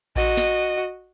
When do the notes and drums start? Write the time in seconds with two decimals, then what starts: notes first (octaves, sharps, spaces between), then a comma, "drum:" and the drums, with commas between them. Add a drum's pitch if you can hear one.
0.16 F#4 D#5, drum: kick A1
0.37 drum: snare